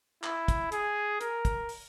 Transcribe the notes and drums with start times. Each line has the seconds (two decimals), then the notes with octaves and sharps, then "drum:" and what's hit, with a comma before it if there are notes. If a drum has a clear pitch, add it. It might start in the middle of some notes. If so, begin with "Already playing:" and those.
0.24 E4, drum: clap
0.48 drum: kick, hi-hat
0.72 G#4, drum: hi-hat
1.21 A#4, drum: hi-hat
1.45 drum: kick, hi-hat
1.69 drum: open hi-hat